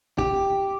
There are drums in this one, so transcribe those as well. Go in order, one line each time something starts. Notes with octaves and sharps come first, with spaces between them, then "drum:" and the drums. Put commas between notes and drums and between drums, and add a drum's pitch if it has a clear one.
G4, drum: kick